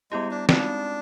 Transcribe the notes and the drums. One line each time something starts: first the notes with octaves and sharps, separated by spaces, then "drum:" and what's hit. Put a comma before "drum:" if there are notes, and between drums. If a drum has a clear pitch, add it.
G3 G#3 B3 E4 G4
D4
G#3 C4 D4 D#4 F#4, drum: snare